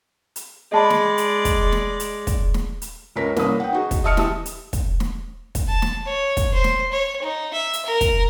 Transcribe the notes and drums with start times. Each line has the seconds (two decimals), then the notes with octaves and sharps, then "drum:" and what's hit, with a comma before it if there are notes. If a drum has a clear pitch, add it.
0.36 drum: hi-hat
0.72 G#3 D5 D#5 A5 B5
0.90 drum: snare
1.18 drum: hi-hat
1.45 drum: kick, hi-hat
1.72 drum: snare
2.00 drum: hi-hat
2.27 drum: kick, hi-hat
2.54 drum: snare
2.82 drum: hi-hat
3.16 C#2 C#4 A#4 B6
3.37 C2 A#3 C#4 B4 D#6, drum: snare
3.60 F#5 G5
3.73 D#4 F#4 G#4
3.91 drum: kick, hi-hat
4.04 D#5 E5 A5 D#6 F6 C#7
4.17 E3 G4 E5 A5 D#6, drum: snare
4.46 drum: hi-hat
4.73 drum: kick, hi-hat
5.00 drum: snare
5.55 drum: kick, hi-hat
5.68 A5
5.82 drum: snare
6.06 C#5
6.37 drum: kick, hi-hat
6.53 C5
6.64 drum: snare
6.91 C#5
7.22 D#4
7.53 E5
7.73 drum: hi-hat
7.85 A#4
8.01 drum: kick, hi-hat